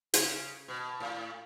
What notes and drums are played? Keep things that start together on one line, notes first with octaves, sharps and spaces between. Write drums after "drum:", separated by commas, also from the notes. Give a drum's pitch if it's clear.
C#3, drum: hi-hat
B2
A2